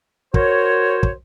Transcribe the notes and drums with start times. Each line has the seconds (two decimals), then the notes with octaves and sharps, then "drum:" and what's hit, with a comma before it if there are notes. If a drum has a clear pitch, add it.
0.34 F#4 A#4 C5 C#5, drum: kick
1.03 drum: kick